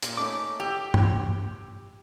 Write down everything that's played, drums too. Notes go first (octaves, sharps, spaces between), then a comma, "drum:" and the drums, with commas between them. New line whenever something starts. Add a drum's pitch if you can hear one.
A#2, drum: hi-hat
A3 C#4 D#4 D6
G4 E6
drum: tom